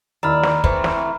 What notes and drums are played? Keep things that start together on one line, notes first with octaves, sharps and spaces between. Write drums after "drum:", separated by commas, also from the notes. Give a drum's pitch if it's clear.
D#2 E4 D5 A#5 B5 E6 F6
drum: snare
E3 A3 C4 C5, drum: kick
drum: snare